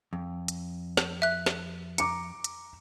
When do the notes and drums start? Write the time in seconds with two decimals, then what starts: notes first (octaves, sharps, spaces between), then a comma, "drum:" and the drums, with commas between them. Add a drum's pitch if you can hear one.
0.13 F2
0.48 drum: hi-hat
0.97 drum: snare
1.22 E5 F#6
1.46 drum: snare
1.98 A#5 D6 C#7, drum: hi-hat
2.44 drum: hi-hat